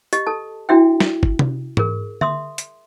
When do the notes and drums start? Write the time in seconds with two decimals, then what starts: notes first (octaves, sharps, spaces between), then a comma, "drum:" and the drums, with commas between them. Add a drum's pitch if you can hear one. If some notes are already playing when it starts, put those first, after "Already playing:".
0.13 G4 D#5, drum: hi-hat
0.27 A4 A5
0.69 D4 E4 F#4 E5 G5
1.00 drum: snare
1.23 drum: kick
1.39 drum: tom C3
1.77 G#4 A#4, drum: tom G#2
2.21 E5 C6 D#6, drum: tom D3
2.58 drum: hi-hat